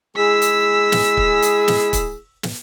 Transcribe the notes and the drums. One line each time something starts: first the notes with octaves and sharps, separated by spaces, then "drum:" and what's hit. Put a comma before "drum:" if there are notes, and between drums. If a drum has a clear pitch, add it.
G#3 E4 G#4 E6 B6
drum: hi-hat
drum: snare
drum: kick
drum: hi-hat
drum: snare
drum: kick, hi-hat
drum: snare